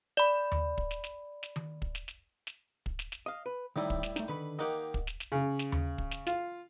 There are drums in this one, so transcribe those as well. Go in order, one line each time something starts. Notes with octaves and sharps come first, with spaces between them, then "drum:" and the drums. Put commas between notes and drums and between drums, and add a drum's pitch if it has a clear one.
D5 B5
drum: tom D#2
drum: kick
drum: snare
drum: snare
drum: snare
drum: tom D#3
drum: kick
drum: snare
drum: snare
drum: snare
drum: kick
drum: snare
drum: snare
D#5 F5
B4
A2 D#3 G3 D#4 E4
drum: kick
drum: snare
A3 D#4, drum: snare
D3 D#3 B4 B5
D#3 A#3 G4 D#5 F#5
drum: kick
drum: snare
drum: snare
C#3
drum: snare
drum: tom D#2
drum: kick
drum: snare
F4, drum: snare